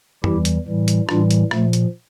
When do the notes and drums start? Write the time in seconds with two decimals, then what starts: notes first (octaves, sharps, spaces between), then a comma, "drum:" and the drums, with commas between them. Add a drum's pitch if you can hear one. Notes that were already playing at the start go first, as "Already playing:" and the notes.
0.24 E2 E3 G3 E4 G4, drum: tom F#2
0.45 drum: hi-hat
0.67 A2 E3 G3
0.88 drum: hi-hat
1.09 A2 E3 G3 D4 F4, drum: rim click
1.31 drum: hi-hat
1.51 A#2 F3 A3, drum: rim click
1.73 drum: hi-hat